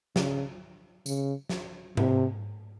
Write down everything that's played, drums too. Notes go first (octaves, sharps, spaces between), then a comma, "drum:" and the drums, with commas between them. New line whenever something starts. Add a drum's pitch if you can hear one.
C#3, drum: snare
C#3, drum: tambourine
drum: snare
C3, drum: tom G#2